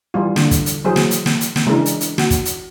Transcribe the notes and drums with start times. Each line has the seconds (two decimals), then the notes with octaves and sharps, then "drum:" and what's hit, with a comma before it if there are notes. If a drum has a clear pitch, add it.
0.14 E3 G3 F4
0.36 D3, drum: snare
0.51 drum: kick, hi-hat
0.66 drum: hi-hat
0.84 E3 F#3 G#4 C5
0.96 drum: snare
1.11 drum: hi-hat
1.26 drum: snare
1.41 drum: hi-hat
1.56 drum: snare
1.66 C#3 E3 G#3 D4 E4 A#4
1.86 drum: hi-hat
2.01 drum: hi-hat
2.18 F#4, drum: snare
2.30 drum: kick, hi-hat
2.45 drum: hi-hat